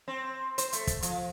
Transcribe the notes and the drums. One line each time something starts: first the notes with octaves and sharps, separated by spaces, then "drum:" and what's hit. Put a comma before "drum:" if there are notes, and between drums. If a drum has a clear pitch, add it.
C4
C5, drum: hi-hat
A3, drum: hi-hat
drum: kick, hi-hat
F3, drum: hi-hat